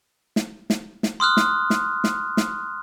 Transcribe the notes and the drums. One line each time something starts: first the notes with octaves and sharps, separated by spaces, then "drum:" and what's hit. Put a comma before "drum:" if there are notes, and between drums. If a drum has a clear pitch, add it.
drum: snare
drum: snare
drum: snare
C6 D#6 F6 F#6
drum: snare
drum: snare
drum: snare
drum: snare